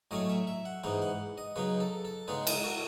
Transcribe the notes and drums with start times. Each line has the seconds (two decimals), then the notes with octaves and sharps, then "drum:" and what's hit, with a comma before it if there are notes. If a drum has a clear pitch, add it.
0.11 A2 F#3 A3 C#4 D#5
0.30 E5
0.47 E5
0.65 F#5
0.84 G#2 E3 B3 D#4 F#5
1.02 F#5
1.38 D#5
1.56 C#3 F#3 B3 D#4 B4
1.80 A4
2.05 A4
2.28 C#3 G#3 B3 D#4 B4
2.47 drum: cymbal
2.64 F#4